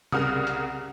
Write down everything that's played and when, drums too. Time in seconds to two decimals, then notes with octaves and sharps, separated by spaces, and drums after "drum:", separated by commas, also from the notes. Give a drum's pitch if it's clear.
0.12 C2 C#3 A#4 F#5 D#6 F6, drum: tom C3
0.47 drum: hi-hat